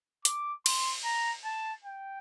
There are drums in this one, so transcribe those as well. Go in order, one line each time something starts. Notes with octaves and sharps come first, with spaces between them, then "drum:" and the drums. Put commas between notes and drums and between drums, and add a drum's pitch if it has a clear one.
D6, drum: hi-hat
C6, drum: cymbal
A#5
A5
G5